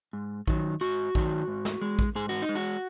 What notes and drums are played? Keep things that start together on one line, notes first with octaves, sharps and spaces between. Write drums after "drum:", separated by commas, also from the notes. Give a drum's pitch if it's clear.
G#2
D#3 F#3, drum: kick A#1
G#2 F#4
D#3 F#3, drum: kick A#1
G#2
drum: snare
G#3
drum: kick A#1
G#2 G#4
F#4
D#4
G#3
F#4